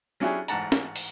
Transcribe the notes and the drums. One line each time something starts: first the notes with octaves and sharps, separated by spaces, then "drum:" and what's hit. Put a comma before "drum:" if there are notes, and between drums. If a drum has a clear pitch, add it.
F#3 C#4 D4 E4 G4 G#4
A1 G#2 F#5 A5 A#5, drum: hi-hat
drum: snare
drum: open hi-hat